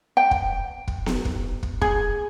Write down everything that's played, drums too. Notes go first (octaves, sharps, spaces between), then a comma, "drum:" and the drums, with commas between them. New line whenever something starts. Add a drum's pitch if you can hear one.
G5
drum: kick
drum: kick
drum: snare B3
drum: kick
drum: kick
G#4, drum: kick